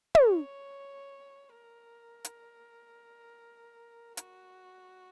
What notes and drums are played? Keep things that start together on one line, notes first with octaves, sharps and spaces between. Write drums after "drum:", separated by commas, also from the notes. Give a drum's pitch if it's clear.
C#5, drum: tom
A#4
drum: hi-hat
F#4, drum: hi-hat